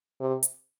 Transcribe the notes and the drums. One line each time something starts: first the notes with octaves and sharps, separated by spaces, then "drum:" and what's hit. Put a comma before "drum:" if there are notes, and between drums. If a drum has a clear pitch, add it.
C3
drum: hi-hat